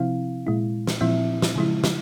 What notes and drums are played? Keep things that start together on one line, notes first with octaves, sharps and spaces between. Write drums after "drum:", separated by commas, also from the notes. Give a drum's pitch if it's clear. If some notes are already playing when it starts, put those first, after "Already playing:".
Already playing: C3 F3 C4 E4 F5
A#2 G#3 E4
drum: snare
A#2 F3 C4 E4 E5
drum: snare
C#3 F3 G#3 E4
drum: snare